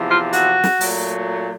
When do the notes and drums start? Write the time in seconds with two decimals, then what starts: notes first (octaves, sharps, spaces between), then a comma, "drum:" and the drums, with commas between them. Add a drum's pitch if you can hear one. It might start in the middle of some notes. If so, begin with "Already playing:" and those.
Already playing: E2 C3 F3
0.09 F4
0.33 F#4, drum: hi-hat
0.64 drum: snare
0.81 A#2 F#3 A3, drum: open hi-hat